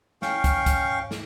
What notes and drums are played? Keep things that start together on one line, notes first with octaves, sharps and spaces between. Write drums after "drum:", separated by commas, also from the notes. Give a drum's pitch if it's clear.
C#4 F5 G5 C#6, drum: snare
drum: kick, hi-hat
drum: kick, hi-hat
drum: snare